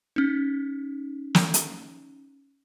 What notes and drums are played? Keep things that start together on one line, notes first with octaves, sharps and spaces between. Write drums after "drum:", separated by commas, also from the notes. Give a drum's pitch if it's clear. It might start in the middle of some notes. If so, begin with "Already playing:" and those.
C#4 D#4
drum: snare
drum: hi-hat